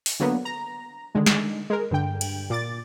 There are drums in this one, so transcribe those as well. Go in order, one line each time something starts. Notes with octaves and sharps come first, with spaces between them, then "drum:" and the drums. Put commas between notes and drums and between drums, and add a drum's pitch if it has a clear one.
drum: open hi-hat
D3 F#3 A#3 B3
A#5
D3 D#3 G#3
drum: snare
G#3 A#4
G2 D3 G5
drum: cymbal
A#2 D6 A6